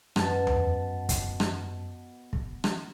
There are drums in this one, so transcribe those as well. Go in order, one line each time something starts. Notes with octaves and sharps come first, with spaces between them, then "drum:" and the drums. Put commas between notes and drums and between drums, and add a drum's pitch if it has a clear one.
F#2 B2 A5, drum: rim click
drum: tom E2
drum: kick, hi-hat
drum: rim click
drum: kick
drum: rim click